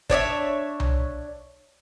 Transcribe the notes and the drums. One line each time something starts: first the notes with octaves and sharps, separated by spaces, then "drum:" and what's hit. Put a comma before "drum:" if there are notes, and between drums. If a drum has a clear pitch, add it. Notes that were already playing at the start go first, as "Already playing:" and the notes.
D4 C#5 D5 E5, drum: kick
drum: tom C2